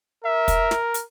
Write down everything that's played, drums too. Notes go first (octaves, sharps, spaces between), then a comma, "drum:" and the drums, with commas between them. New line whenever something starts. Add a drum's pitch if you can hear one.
A#4 E5
drum: kick, hi-hat
drum: snare
drum: hi-hat